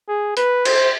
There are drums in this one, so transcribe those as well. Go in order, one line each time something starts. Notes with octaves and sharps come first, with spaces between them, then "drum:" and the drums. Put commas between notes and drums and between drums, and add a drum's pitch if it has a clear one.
G#4
B4, drum: hi-hat
C5, drum: cymbal